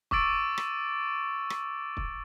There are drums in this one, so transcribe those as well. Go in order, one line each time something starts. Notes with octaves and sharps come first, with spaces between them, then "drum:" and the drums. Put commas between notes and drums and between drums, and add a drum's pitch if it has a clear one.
C#6 D6 E6 A6 D7, drum: kick
drum: rim click
drum: rim click
drum: kick